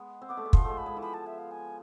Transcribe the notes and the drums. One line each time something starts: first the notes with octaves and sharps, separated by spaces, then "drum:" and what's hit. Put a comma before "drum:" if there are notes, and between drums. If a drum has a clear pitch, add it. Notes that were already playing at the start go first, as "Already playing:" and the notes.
Already playing: G#3 B3
C4
B3 D6
A3
G#3
F3 C6, drum: kick
G#3 A3
B5
G#3
E3
F3 B5
A5
E5
F5
G#5